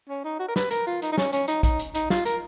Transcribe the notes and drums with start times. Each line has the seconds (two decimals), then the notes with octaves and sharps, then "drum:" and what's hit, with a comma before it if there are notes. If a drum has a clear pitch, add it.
0.09 C#4
0.25 D#4
0.39 F#4
0.49 A#4
0.56 B4, drum: snare
0.71 A#4, drum: hi-hat
0.86 F4
1.02 D#4, drum: hi-hat
1.12 D#4
1.18 C#4, drum: snare
1.32 C#4, drum: hi-hat
1.48 D#4, drum: hi-hat
1.63 D#4, drum: kick, hi-hat
1.79 drum: hi-hat
1.95 D#4, drum: hi-hat
2.10 F4, drum: snare
2.26 A#4, drum: hi-hat